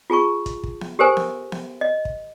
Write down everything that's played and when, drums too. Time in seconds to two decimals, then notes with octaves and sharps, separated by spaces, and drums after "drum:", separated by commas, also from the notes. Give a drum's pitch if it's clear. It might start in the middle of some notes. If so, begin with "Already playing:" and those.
0.10 F4 G#4 A5 C#6
0.46 drum: kick, hi-hat
0.64 drum: kick
0.81 drum: snare B3
0.99 G4 A4 A#4 C5 G#5
1.17 drum: snare B3
1.52 drum: snare B3
1.81 D#5
2.05 drum: kick